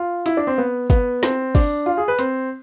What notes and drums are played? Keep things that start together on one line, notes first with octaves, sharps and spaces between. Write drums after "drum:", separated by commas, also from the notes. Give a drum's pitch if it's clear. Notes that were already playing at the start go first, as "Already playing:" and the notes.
Already playing: F4
E4, drum: hi-hat
D4
C4
B3
B3, drum: kick, hi-hat
C4, drum: snare
D4, drum: kick, open hi-hat
F4
G#4
B4
C4, drum: hi-hat